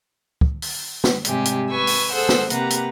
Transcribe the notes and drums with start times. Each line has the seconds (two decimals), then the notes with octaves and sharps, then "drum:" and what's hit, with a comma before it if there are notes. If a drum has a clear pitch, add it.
0.41 drum: kick
0.62 drum: open hi-hat
1.04 drum: snare
1.25 G#2 C3 G3 G4 G#5, drum: hi-hat
1.45 drum: hi-hat
1.69 B4 G#5 C#6 E6
1.87 drum: open hi-hat
2.13 G#4 A4 C5 F#5 E6
2.29 drum: snare
2.50 C3 A#3 G4 B4 F#5 A#5, drum: hi-hat
2.70 drum: hi-hat